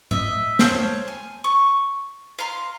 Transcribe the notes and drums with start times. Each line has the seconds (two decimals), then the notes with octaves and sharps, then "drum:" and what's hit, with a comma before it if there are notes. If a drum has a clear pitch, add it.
0.11 D#5 E5, drum: tom A2
0.59 C5 C#5 A5 F6, drum: snare
1.08 G#5
1.44 C#6
2.39 F5 A#5 C6